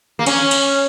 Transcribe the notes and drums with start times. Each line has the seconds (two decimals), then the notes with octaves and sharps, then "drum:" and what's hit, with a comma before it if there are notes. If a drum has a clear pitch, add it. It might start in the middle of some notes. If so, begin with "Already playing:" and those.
0.19 A#3
0.26 C#4, drum: cymbal
0.51 drum: cymbal